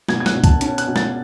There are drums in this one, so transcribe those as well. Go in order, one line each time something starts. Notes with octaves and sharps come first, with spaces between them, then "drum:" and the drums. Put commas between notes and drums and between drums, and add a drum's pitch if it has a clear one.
B2 G#6, drum: snare
G#6
F#6, drum: snare
B2
A5, drum: kick C2, hi-hat
C#4 A5, drum: hi-hat
F#6, drum: hi-hat
B2
A6, drum: snare